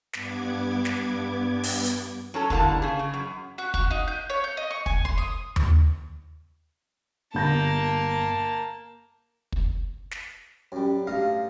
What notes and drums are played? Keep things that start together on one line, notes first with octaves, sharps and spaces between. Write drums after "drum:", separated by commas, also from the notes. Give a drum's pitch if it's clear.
G2 B3 D6 G#6, drum: snare
drum: snare
drum: open hi-hat
drum: hi-hat
F#3 C#4 A4
G2 D3 G3 A#3 E4 A5, drum: kick
C#3 G#4
C#3
F#2
F#4
F#4, drum: kick
D#4
G6
C#5
G6
D#5
C#6
G#5, drum: kick
C6, drum: kick
D#6
drum: tom D#2
G1 A#3 A5 G6 A#6
drum: kick
drum: snare
F#2 G3 C#4
G2 A3 D#5 F5